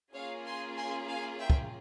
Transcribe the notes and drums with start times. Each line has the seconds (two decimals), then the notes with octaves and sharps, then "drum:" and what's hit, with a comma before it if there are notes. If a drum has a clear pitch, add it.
0.15 A#3 C#4 F4 G#4 C#5 F5
0.46 G#5 C6
0.77 G#5 C6
1.09 F5 G#5
1.40 E5 G5
1.50 drum: kick